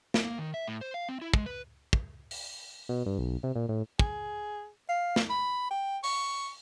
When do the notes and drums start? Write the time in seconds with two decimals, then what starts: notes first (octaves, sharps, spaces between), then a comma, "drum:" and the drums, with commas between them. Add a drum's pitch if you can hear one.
0.14 drum: snare
0.25 A#3
0.38 D#3
0.54 E5
0.68 A2
0.81 C5
0.94 F5
1.09 C4
1.22 E4
1.34 G#3, drum: kick
1.46 B4
1.93 drum: kick
2.31 drum: open hi-hat
2.89 B2
3.06 G2
3.19 B1
3.43 C3
3.55 A#2
3.69 A2
3.99 G#4, drum: kick
4.89 F5
5.16 drum: snare
5.30 B5
5.70 G5
6.04 C#6, drum: open hi-hat